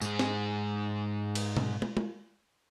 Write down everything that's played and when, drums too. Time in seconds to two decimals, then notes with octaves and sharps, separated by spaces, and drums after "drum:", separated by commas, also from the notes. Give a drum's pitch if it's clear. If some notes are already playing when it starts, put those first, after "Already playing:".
0.01 G#2 G#4, drum: tambourine
0.19 drum: snare
1.35 drum: cymbal
1.57 drum: tom B2
1.82 drum: tom
1.97 drum: tom